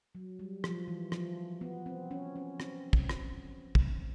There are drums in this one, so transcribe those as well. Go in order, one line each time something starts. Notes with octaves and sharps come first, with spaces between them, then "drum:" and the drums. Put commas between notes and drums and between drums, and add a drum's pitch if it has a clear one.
F#3
G3
F3, drum: rim click
E3
F3, drum: rim click
B3
C4
C#4
C#4
C4, drum: rim click
drum: kick
drum: rim click
drum: kick